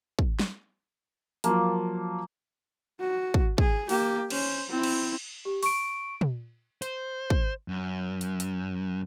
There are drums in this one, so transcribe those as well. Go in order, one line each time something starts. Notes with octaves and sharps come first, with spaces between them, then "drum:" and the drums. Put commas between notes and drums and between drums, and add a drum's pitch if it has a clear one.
drum: kick
drum: snare
F3 F#3 A#3 F4 A5, drum: hi-hat
F#4
drum: kick
G#4, drum: kick
A#3 G4, drum: open hi-hat
C#4 C5, drum: cymbal
C4 E4
drum: cymbal
G4
C#6 D7, drum: open hi-hat
drum: tom
C5, drum: hi-hat
drum: kick
F#2
drum: hi-hat
drum: hi-hat